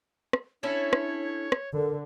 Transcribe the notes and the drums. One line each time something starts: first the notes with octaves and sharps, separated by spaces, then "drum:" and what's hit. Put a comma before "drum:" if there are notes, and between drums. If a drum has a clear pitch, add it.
drum: rim click
C#4 D4 E4 A4 C#5
drum: rim click
drum: rim click
D3 A#4